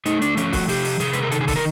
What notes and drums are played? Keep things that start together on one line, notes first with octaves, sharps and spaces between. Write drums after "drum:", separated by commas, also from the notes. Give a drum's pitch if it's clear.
A3 D#4, drum: hi-hat
D4, drum: hi-hat
F3 C#4, drum: hi-hat
F#4, drum: kick, open hi-hat
C3 G4, drum: open hi-hat
drum: open hi-hat
C3 G#4, drum: hi-hat
B4, drum: hi-hat
A#4
D#3 A4, drum: hi-hat
G#4
A4, drum: kick, open hi-hat
A#4